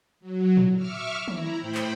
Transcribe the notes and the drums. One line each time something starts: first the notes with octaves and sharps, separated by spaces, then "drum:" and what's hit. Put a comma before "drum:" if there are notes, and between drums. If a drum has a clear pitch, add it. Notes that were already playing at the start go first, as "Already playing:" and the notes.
F#3
drum: tom A2
E5 C#6 D6 E6 F6
E4 A#5, drum: tom
A2 C5 G5 B5
drum: clap